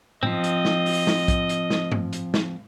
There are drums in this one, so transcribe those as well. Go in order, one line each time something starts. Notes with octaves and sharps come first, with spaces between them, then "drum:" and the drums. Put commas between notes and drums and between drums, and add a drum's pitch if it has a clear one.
F3 C4 D#5, drum: tom A2
drum: hi-hat
drum: snare
drum: open hi-hat
drum: snare
drum: kick, hi-hat
drum: hi-hat
drum: snare
drum: tom G2
drum: hi-hat
drum: snare